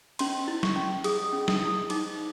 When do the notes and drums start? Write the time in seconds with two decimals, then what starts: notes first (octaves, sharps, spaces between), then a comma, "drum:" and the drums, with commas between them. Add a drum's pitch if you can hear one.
0.19 C#4 C6, drum: cymbal
0.48 E4
0.63 C#6, drum: snare
0.76 C#4
1.04 G#4 D#6, drum: cymbal
1.33 C#4
1.48 D#6, drum: snare
1.62 E4
1.90 D#4 D6, drum: cymbal